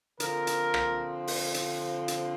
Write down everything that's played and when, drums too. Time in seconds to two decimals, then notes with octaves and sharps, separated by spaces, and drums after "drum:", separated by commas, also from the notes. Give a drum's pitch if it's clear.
0.20 D3 F3 C4 A#4, drum: hi-hat
0.47 drum: hi-hat
0.74 drum: rim click
1.27 drum: open hi-hat
1.54 drum: hi-hat
2.08 drum: hi-hat